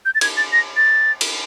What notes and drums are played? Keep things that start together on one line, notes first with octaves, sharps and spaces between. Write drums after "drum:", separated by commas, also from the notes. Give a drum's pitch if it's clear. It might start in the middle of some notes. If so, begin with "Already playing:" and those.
G6
A6
G#6, drum: cymbal
A6
A#6
A6
drum: cymbal